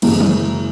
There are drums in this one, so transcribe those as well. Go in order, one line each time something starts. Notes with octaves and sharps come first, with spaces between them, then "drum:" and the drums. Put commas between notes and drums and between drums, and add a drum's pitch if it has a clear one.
F#1 F#2 E3 G#3, drum: cymbal
drum: tom